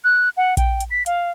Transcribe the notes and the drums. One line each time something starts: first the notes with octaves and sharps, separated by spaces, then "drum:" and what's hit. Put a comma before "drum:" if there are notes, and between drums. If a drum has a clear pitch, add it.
F#6
F#5
G5, drum: kick A#1, hi-hat
drum: hi-hat
B6
F5, drum: hi-hat